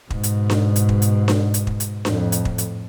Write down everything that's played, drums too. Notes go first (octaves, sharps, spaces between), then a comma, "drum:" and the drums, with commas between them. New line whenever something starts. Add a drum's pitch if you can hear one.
G#2 B2, drum: kick
drum: hi-hat
drum: snare D4
drum: hi-hat
drum: kick
drum: hi-hat
drum: snare D4
drum: hi-hat
drum: kick
drum: hi-hat
F2 A2, drum: snare D4
drum: hi-hat
drum: kick
drum: hi-hat